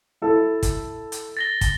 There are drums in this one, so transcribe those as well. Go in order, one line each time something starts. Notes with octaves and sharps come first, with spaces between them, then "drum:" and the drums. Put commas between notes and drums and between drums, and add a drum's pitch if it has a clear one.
E4 A4
drum: kick, hi-hat
drum: hi-hat
A6 A#6 G7
drum: kick, hi-hat